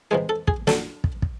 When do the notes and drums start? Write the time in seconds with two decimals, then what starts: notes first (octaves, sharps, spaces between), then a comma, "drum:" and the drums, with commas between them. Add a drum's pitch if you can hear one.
0.11 C3 E3 G#3 G#4
0.29 A4
0.48 G#4, drum: kick
0.67 D3 F#3 A4, drum: snare
1.04 drum: kick
1.22 drum: kick